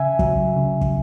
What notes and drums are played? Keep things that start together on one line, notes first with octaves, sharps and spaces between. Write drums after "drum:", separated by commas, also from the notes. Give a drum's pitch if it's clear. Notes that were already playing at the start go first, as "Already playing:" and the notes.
Already playing: C#3 E5 G#5
F#3, drum: kick
C#3
drum: kick